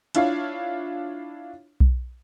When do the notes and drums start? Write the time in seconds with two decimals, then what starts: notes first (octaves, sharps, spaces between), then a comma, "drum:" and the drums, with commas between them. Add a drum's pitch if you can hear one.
0.15 D4 E4 F4 C#5 F5, drum: hi-hat
1.80 drum: kick B1